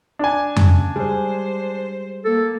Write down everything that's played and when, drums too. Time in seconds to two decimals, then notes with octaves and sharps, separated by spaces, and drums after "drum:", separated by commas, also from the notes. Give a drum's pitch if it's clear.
0.19 D4 G#5
0.56 C#3, drum: tom F2
0.96 G3 G#3 G#4 C5
2.25 A#3 A4